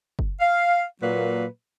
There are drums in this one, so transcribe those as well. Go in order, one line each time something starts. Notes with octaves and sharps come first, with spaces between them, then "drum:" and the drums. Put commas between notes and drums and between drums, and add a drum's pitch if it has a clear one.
drum: kick F#1
F5
A#2 F#3 A#3 B4